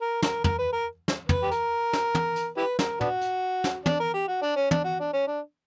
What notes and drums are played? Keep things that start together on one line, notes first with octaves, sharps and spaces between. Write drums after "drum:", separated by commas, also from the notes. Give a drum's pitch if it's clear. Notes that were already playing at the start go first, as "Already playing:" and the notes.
A#4
A#4, drum: snare
A#4, drum: tom
B4
A#4
drum: snare
B4, drum: tom
G4
A#4, drum: hi-hat
drum: snare
drum: tom
drum: hi-hat
E4 G4 B4
A#4, drum: snare
B3 D4 F#4, drum: tom
drum: hi-hat
drum: snare
D4, drum: tom
A#4
G4
F#4
D4
C#4
D4, drum: tom
F#4
D4
C#4
D4